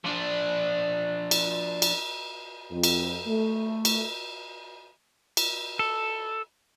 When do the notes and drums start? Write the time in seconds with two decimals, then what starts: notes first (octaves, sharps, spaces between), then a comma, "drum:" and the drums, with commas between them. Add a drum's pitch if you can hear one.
0.05 F3 D4
1.31 drum: cymbal
1.82 drum: cymbal
2.71 F2
2.84 drum: cymbal
3.26 A3
3.85 drum: cymbal
5.37 drum: cymbal
5.79 A4